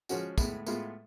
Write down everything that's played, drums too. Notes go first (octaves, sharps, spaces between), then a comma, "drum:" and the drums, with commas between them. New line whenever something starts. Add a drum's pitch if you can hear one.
F3 G#3 C#4 F#4, drum: tambourine
A2 G#3 B3, drum: kick, tambourine
A2 G#3 B3 F4, drum: tambourine